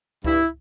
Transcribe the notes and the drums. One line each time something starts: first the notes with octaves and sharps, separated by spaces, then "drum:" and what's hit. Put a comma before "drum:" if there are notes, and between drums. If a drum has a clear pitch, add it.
G2 E4, drum: kick C#2